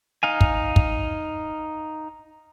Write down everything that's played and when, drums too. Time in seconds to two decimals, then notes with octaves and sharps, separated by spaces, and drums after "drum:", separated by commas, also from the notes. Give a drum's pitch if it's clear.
0.23 D#4 F5 G#5
0.41 drum: kick
0.76 drum: kick